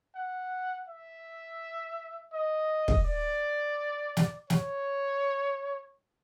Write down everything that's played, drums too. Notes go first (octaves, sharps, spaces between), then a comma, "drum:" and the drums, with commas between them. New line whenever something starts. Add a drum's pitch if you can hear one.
F#5
E5
D#5
drum: kick
D5
drum: snare
C#5, drum: snare